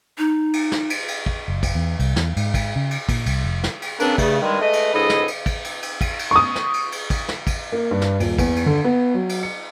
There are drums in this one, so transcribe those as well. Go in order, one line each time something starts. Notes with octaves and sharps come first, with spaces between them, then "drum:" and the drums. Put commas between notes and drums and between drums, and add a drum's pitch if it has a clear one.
D#4
drum: cymbal
drum: snare
drum: cymbal
drum: cymbal
drum: kick
F#1
drum: kick, cymbal
E2
C2, drum: cymbal
E2, drum: snare
G#2, drum: cymbal
drum: kick, cymbal
C#3
drum: cymbal
A#2, drum: kick, cymbal
C2, drum: cymbal
F1
drum: snare
drum: cymbal
C#3 A#3 C4 D4 B4, drum: cymbal
G2 C#3 A3, drum: kick, cymbal
G2 D#3 G3 G#3
G#3 A3 B4 D#5
drum: cymbal
C#2 G#2 G#4 A4 D#5 B5
drum: snare
drum: cymbal
drum: kick, cymbal
drum: cymbal
drum: cymbal
drum: kick, cymbal
drum: cymbal
C#6 D#6
drum: snare
drum: cymbal
drum: cymbal
drum: kick, cymbal
drum: snare
drum: kick, cymbal
A#3
G2
drum: snare
D#1, drum: cymbal
E2, drum: kick, cymbal
drum: cymbal
D3
B3
F#3
drum: cymbal
C#7